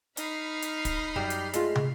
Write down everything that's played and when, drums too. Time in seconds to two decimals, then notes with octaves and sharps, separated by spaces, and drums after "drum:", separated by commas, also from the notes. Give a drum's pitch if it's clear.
0.17 D#4 B5 F6 C7, drum: hi-hat
0.62 drum: hi-hat
0.85 drum: kick, hi-hat
1.16 F#2 G3 G4
1.30 drum: hi-hat
1.54 G#3 A3 F4, drum: hi-hat
1.75 drum: tom